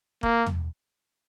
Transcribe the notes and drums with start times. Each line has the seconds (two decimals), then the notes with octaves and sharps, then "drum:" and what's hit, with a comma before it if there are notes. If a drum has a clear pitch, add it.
0.23 A#3, drum: kick
0.46 drum: tom